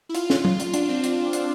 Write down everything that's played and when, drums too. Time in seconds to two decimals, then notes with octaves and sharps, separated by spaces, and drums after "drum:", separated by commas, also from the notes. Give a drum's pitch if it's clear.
0.09 E4
0.15 F4, drum: hi-hat
0.30 drum: snare
0.45 drum: tom F#3
0.60 F4, drum: hi-hat
0.74 D4, drum: hi-hat
0.89 C4
1.04 drum: hi-hat
1.33 drum: hi-hat